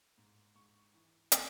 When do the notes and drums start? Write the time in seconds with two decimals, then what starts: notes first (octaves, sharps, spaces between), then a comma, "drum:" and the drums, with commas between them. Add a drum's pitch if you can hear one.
0.18 G#2
0.55 G#2 C#6
0.94 E3
1.32 A2, drum: hi-hat